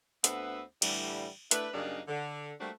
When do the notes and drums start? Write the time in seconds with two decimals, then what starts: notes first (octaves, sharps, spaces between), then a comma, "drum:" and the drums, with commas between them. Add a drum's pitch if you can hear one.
0.24 D2 D3 B3 C4 B4 E5, drum: hi-hat
0.82 A2 D3 E3 G3, drum: cymbal
1.51 A3 D4 E4 B4, drum: hi-hat
1.74 F#2 C#3 G3 A#3 D4 D#4
2.08 D3
2.60 G3 A3 A#3 C4 D4 F#4